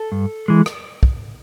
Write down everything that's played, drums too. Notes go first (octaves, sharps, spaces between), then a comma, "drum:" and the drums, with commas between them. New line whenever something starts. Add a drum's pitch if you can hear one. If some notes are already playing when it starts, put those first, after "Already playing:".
Already playing: A4
G2
E3 G#3
drum: rim click
drum: kick